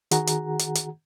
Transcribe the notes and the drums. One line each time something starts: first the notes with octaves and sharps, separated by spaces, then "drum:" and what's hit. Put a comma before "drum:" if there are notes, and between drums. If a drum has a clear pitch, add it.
D#3 F#4 G#4 F#5 A#5, drum: hi-hat
drum: hi-hat
drum: hi-hat
drum: hi-hat